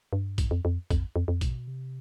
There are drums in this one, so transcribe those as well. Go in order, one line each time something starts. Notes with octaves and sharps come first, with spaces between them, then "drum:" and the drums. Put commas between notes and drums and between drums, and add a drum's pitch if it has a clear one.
G2
G#2, drum: kick, hi-hat
F2
F2
F2, drum: kick, hi-hat
F2
F2
B2, drum: kick, hi-hat
C3